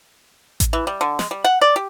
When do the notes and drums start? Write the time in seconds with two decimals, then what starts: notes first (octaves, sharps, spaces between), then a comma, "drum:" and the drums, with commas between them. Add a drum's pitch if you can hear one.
0.60 drum: kick A1, hi-hat
0.73 E3
0.87 G3
1.01 D3
1.19 G#3, drum: snare
1.31 G3
1.44 F#5
1.61 D5
1.76 G4